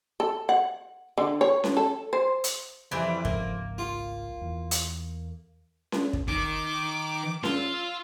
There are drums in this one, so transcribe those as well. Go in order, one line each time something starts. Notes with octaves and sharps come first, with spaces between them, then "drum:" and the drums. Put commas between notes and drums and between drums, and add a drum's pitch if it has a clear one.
A4
F#5
D3
C#5
drum: snare C#4
A4
C5
drum: hi-hat
F2 E3 G3
G#1 C#2 G#2 A#3, drum: kick
F4
E2
drum: hi-hat
drum: snare C#4
drum: kick
D#3 D6, drum: kick
F4 E6, drum: snare C#4